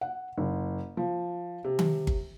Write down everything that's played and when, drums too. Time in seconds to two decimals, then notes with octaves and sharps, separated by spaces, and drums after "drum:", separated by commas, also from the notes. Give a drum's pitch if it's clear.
0.01 F#5
0.38 F#1
0.97 F3
1.64 C3
1.79 drum: tom D#3
2.07 drum: kick G1